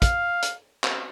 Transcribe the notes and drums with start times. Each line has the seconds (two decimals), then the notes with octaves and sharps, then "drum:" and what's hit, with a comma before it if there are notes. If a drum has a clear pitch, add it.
0.02 F5, drum: kick, hi-hat
0.43 drum: hi-hat
0.84 drum: clap